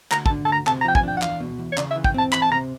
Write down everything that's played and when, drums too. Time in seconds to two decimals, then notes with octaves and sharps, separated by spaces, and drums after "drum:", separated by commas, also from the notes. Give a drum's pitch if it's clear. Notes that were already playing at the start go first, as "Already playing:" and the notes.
0.11 D2 A#5, drum: clap
0.26 A5, drum: kick
0.30 D3
0.45 A5
0.49 D2 A#5
0.67 C3 A5, drum: clap
0.81 A#5
0.85 F3 G5
0.95 G#5, drum: kick
1.03 D4 G5
1.17 F#5
1.22 E2 F5, drum: clap
1.40 B2
1.58 E2
1.72 C#5
1.77 C#3 D5, drum: clap
1.91 E5
1.96 E3
2.04 G5, drum: kick
2.14 C4 A5
2.32 E2 B5, drum: clap
2.42 A5
2.50 C3 A#5